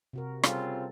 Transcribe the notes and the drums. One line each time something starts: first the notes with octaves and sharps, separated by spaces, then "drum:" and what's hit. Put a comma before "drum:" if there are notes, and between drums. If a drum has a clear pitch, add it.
C3 F#4 A#4
C#3 G3 C4 F4 A4, drum: rim click